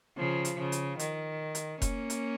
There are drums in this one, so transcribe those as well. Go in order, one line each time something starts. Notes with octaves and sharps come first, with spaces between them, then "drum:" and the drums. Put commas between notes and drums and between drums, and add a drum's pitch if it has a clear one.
C#3 F3
drum: hi-hat
C#3
drum: hi-hat
D#3, drum: hi-hat
drum: hi-hat
A#3 C#4, drum: kick F1, hi-hat
drum: hi-hat